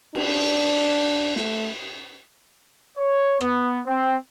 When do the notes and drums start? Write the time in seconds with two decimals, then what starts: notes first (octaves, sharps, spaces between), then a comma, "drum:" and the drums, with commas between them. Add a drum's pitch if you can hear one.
0.15 D4, drum: cymbal
1.36 A3, drum: snare
2.98 C#5
3.41 B3, drum: rim click
3.86 C4